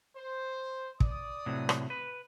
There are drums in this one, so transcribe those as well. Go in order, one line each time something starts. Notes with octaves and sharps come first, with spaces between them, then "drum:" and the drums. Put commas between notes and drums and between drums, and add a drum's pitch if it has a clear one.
C5
D5 D#6, drum: kick
A2 C3 F#3
drum: rim click
B4